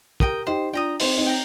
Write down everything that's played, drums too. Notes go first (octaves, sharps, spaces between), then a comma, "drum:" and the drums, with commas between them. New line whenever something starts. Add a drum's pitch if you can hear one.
G4 A#4 G5 A#5 D#6, drum: kick
D#4 G4 C5
D4 F4 G5 A#5 D#6
C4 D#4 C5, drum: open hi-hat
C4 D#4
G5 A#5